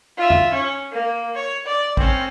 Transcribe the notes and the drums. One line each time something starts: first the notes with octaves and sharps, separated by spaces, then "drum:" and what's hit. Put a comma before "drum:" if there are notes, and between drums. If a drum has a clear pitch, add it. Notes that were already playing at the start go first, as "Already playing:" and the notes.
F4 E5
drum: tom E2
C#4
A#3
C#5
D5
C4 C#4, drum: kick